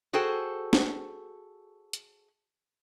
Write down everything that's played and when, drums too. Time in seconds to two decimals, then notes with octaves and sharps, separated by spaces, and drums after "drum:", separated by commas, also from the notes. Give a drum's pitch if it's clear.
0.13 F#4 G#4 A4 C5 G5
0.73 drum: snare
1.93 drum: hi-hat